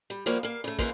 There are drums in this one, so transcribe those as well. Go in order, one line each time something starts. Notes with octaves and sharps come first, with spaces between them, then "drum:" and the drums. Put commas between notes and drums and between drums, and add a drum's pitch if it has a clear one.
G3
F3 G3 A#3 B3 C#5
A#3 F5
C#3 A3
C#3 E3 F3 G#3 A#3 C5, drum: kick